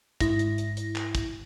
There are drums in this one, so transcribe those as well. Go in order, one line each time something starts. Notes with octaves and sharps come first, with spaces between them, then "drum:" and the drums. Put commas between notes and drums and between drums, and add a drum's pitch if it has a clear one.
G#2 E4 A#6, drum: kick, hi-hat
drum: hi-hat
drum: hi-hat
drum: hi-hat
drum: clap
drum: kick, hi-hat